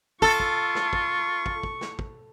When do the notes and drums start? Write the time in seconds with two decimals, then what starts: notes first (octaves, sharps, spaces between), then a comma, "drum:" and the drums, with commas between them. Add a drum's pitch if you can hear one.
0.22 F4 A4 C#6, drum: kick
0.40 drum: kick
0.75 drum: snare
0.93 drum: kick
1.46 drum: kick
1.63 drum: kick
1.81 drum: snare
1.99 drum: kick